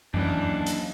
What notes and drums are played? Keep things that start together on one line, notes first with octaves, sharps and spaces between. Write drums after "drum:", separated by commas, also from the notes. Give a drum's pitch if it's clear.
D#2 E3 F#3 C#4 D4, drum: tom F#2
drum: hi-hat